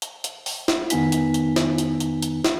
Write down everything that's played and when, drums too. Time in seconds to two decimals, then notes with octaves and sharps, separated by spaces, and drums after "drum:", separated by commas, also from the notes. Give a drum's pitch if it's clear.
0.02 drum: hi-hat
0.24 drum: hi-hat
0.46 drum: open hi-hat
0.68 drum: snare
0.90 F2 D#3 B3 D#4 G#5 B6, drum: hi-hat
1.12 drum: hi-hat
1.34 drum: hi-hat
1.56 drum: snare
1.78 drum: hi-hat
2.00 drum: hi-hat
2.22 drum: hi-hat
2.44 drum: snare